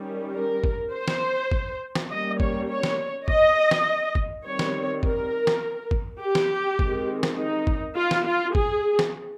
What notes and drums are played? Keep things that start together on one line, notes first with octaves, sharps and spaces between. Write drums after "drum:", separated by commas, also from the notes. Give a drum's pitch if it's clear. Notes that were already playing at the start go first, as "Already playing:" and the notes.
Already playing: D#3 G3 C#4
A#4
drum: kick
C5
drum: snare
drum: kick
drum: snare
G3 A#3 C#4 D#5
C#5, drum: kick
C#5
drum: snare
D#5, drum: kick
drum: snare
drum: kick
D#3 G3 C4 C#5
drum: snare
A#4, drum: kick
drum: snare
drum: kick
G4
drum: snare
D#3 G#3 C4, drum: kick
drum: snare
D#4
drum: kick
F4
drum: snare
F4
G#4, drum: kick
drum: snare